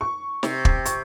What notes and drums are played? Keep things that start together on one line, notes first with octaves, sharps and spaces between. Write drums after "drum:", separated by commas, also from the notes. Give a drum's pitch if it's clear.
C#6
C3, drum: snare
drum: kick
C#6, drum: hi-hat